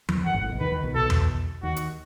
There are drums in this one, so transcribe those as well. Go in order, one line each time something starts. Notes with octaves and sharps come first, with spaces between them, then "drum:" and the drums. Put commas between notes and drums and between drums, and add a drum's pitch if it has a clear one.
E2, drum: tom F3
F#2 F#5
G#1 G#2
A1 A2
B1 B2
D#2 D#3 B4
D#2 D#3
B1 B2
B1 B2 A4
drum: tom E2
D#2 D#3 F#4
drum: hi-hat